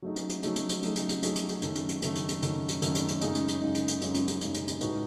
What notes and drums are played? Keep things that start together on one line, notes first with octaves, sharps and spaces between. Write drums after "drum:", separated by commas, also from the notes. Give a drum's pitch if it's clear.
F#3 A3 D#4 G#4
drum: hi-hat
drum: hi-hat
F#3 A3 D#4 G#4, drum: hi-hat
drum: hi-hat
drum: hi-hat
F#3 A3 D#4 G#4, drum: hi-hat
drum: hi-hat
drum: hi-hat
F#3 A3 D#4 G#4, drum: hi-hat
drum: hi-hat
drum: hi-hat
F#2 D#3 A3, drum: hi-hat
drum: hi-hat
drum: hi-hat
F#2 D#3 A3, drum: hi-hat
drum: hi-hat
drum: hi-hat
F#2 D#3 A3, drum: hi-hat
drum: hi-hat
F#2 D#3 A3, drum: hi-hat
drum: hi-hat
drum: hi-hat
F#2 C#3 G#3 D#4, drum: hi-hat
drum: hi-hat
drum: hi-hat
F#2 C#3 G#3 D#4
drum: hi-hat
drum: hi-hat
F#2 C#3 G#3 D#4, drum: hi-hat
drum: hi-hat
drum: hi-hat
F#2 C#3 G#3 D#4, drum: hi-hat
drum: hi-hat
drum: hi-hat
A2 G#3 D#4 F#4 B4, drum: hi-hat